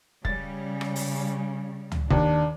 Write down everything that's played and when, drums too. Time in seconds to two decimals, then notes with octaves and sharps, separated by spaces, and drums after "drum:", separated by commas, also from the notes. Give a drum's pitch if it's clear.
0.25 C#3 G3 A6, drum: kick
0.81 drum: rim click
0.96 drum: open hi-hat
1.92 drum: tom C#2
2.11 D#2 D4, drum: kick